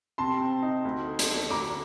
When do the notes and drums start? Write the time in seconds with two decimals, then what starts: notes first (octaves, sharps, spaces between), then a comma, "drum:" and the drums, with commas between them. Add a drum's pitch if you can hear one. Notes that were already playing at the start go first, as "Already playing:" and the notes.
0.18 C3 A5 C6
0.41 C4
0.62 D#4
0.85 D2
1.06 A3
1.19 drum: hi-hat
1.29 D4
1.50 D2 A#5 D6